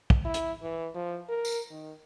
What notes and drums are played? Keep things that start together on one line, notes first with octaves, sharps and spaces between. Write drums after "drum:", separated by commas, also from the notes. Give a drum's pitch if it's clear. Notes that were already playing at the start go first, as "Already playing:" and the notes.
drum: kick
E4
drum: hi-hat
E3
F3
A#4
drum: tambourine
D#3